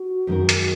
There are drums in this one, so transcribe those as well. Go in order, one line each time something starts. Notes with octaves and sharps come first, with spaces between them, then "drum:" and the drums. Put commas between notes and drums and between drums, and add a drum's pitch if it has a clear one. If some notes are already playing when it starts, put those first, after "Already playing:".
Already playing: F#4
F#2 D#3 G#3 D#4 A#4
drum: hi-hat